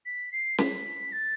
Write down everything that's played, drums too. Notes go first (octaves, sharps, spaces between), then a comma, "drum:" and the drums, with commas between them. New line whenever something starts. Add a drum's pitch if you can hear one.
B6
C7
B6, drum: snare
A6